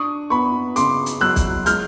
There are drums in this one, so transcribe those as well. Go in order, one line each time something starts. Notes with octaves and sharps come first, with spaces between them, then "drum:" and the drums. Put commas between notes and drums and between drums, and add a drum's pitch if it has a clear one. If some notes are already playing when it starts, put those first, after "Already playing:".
Already playing: D4 C#6 D#6
B3 B5 C#6
C#3 C6 D6, drum: hi-hat
drum: hi-hat
F#3 E6 F#6
drum: kick B1, hi-hat
G#3 F6 G6, drum: hi-hat